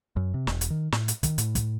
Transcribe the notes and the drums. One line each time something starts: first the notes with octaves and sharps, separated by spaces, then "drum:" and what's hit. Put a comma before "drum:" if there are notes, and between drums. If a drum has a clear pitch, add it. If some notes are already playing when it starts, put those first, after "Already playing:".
F#2
C3
E1, drum: snare
drum: hi-hat
D#3
A2, drum: snare
drum: hi-hat
D#3, drum: kick, hi-hat
A2, drum: hi-hat
drum: kick, hi-hat